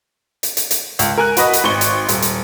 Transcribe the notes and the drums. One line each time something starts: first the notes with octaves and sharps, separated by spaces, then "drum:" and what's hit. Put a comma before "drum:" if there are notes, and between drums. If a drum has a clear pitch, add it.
drum: hi-hat
drum: hi-hat
drum: hi-hat
C#2, drum: hi-hat
A#4 G#5 F#6
F#4 B4 D#5, drum: hi-hat
drum: hi-hat
G#1 C#6 G7
drum: hi-hat
D#1, drum: hi-hat
drum: hi-hat